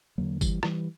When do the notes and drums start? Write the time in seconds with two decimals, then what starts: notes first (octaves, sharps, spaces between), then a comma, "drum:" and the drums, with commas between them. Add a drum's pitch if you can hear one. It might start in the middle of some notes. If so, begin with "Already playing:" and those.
0.18 E2 D3 F#3 A#3
0.41 E3 G3, drum: kick G1, tambourine
0.63 E3 G3, drum: rim click